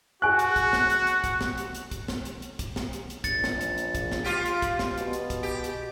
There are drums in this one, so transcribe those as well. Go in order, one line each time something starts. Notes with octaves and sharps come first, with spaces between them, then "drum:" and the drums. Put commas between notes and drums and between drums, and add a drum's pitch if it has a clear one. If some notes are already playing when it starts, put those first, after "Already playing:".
F#4 G#4 G#5 C#6 F#6
drum: hi-hat
drum: kick, hi-hat
drum: snare
drum: hi-hat
drum: hi-hat
drum: kick, hi-hat
drum: snare
drum: hi-hat
drum: hi-hat
drum: kick, hi-hat
drum: snare
drum: hi-hat
drum: hi-hat
drum: kick, hi-hat
drum: snare
drum: hi-hat
drum: hi-hat
A#1 A6 C#7, drum: kick, hi-hat
drum: snare
drum: hi-hat
drum: hi-hat
drum: kick, hi-hat
drum: snare
F4 G4
drum: hi-hat
drum: kick, hi-hat
drum: snare
B2, drum: hi-hat
drum: hi-hat
drum: kick, hi-hat
G4
drum: hi-hat